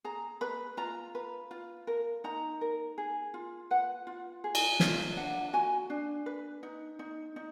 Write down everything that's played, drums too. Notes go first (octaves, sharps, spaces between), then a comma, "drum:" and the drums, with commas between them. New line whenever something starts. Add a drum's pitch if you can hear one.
G#4 A#5
B4 B5
F4 A#5
B4
F4
A#4
D#4 A#5
A#4
G#4
F4
B4 F#5
F4
G#4
drum: cymbal
F4, drum: snare
D4 F#5
F#4 G#5
D4
B4
D#4
D#4
D#4